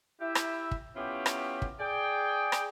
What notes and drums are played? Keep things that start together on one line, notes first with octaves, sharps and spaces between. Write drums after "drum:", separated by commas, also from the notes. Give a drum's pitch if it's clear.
E4 G4 E5
drum: rim click
drum: kick
B3 C#4 E4 F4 G4
drum: rim click
drum: kick
G#4 D5 G5
drum: rim click